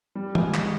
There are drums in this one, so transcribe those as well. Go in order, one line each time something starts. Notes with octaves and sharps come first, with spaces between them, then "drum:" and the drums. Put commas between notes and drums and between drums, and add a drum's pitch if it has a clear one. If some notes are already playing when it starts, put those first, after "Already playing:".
G3
G#3, drum: tom D#3
G#3, drum: clap